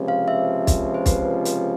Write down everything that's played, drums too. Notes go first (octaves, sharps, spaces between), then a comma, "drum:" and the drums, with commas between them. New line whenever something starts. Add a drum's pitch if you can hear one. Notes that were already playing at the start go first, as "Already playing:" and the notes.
Already playing: C#2 C3 F3
F5
E5
drum: kick, hi-hat
C5
B4, drum: kick, hi-hat
drum: hi-hat